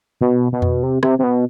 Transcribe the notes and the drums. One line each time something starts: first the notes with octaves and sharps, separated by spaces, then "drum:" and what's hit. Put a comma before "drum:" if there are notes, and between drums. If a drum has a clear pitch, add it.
B2
B2
drum: tom E2
C3
C3, drum: rim click
C3
B2